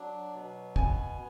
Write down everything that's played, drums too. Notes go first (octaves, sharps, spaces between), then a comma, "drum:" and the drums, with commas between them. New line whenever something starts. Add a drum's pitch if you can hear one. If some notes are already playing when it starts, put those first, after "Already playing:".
Already playing: F#3 D4
B2
B3 G#5, drum: kick